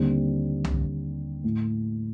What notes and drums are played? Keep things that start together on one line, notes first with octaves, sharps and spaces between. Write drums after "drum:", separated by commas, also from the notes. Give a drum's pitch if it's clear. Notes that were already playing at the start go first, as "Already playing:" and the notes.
Already playing: D#2 D3 G3 C4
drum: tom C2
A2